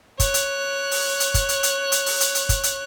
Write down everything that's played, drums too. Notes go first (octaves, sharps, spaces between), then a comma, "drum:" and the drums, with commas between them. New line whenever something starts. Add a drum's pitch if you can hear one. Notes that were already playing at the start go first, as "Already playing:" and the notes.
C#5 F#6, drum: kick, hi-hat
drum: hi-hat
drum: open hi-hat
drum: hi-hat
drum: kick, hi-hat
drum: hi-hat
drum: hi-hat
drum: hi-hat
drum: open hi-hat
drum: hi-hat
drum: hi-hat
drum: kick, hi-hat
drum: hi-hat